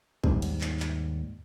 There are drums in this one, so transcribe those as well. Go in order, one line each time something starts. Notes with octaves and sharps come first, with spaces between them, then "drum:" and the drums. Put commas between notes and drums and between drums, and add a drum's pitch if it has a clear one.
D#2 G#2 G3, drum: kick A#1
drum: cymbal
drum: clap
drum: clap